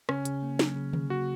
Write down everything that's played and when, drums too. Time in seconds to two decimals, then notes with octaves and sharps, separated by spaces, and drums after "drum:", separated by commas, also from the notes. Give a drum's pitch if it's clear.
0.09 C#3 C#4, drum: rim click
0.25 C#3, drum: hi-hat
0.43 A#3
0.59 F#3, drum: snare
0.76 C#3
0.93 C#3, drum: tom D3
1.10 A#3 F#4